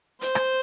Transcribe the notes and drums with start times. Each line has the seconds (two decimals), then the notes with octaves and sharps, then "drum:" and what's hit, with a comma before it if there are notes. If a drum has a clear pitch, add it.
0.21 C5, drum: hi-hat
0.35 drum: rim click